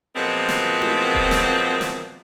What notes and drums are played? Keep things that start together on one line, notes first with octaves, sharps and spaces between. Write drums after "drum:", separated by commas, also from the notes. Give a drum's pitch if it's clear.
A#2 F3 F#3 G#3 B3 C4
drum: snare
drum: tom E4
drum: kick D#1
drum: snare
drum: snare